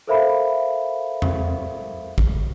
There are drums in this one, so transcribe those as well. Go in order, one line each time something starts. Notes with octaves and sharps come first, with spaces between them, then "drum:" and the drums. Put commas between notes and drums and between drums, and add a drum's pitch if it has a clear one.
A4 A#4 C5 E5 F5 B5
drum: tom E2
drum: kick A1